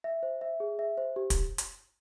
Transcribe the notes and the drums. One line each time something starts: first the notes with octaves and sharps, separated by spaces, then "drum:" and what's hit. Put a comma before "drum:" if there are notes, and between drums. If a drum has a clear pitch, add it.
E5
C5
E5
G#4
E5
C5
G4
drum: kick, hi-hat
drum: hi-hat